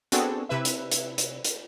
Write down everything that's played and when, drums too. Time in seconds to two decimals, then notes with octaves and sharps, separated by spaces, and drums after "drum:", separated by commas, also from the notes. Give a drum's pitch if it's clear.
0.12 B3 C4 D4 F#4 G#4 A4, drum: hi-hat
0.49 C3 E4 B4 E5
0.65 drum: hi-hat
0.92 drum: hi-hat
1.18 drum: hi-hat
1.44 drum: hi-hat